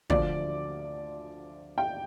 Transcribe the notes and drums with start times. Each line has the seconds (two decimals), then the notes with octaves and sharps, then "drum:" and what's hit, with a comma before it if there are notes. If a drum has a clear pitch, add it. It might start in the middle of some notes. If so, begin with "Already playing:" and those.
0.10 D2 D3 F3 D5, drum: kick
1.78 G5